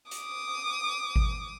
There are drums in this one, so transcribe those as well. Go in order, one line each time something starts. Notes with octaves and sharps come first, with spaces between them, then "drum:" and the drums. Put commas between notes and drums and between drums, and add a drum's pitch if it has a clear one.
D6 D#6, drum: hi-hat
drum: kick G#1